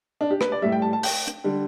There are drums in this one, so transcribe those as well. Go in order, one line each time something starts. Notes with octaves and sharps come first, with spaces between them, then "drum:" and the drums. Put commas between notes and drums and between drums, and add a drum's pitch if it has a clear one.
D4
G4
B4, drum: rim click
D5
A2 G3 E5
G5
A5
A5
G5, drum: open hi-hat
drum: hi-hat
D3 G3